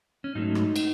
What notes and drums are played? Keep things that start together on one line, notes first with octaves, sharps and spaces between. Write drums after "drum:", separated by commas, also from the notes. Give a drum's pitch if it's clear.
C#4
G#2 F#3 A3 D#4
drum: rim click
drum: cymbal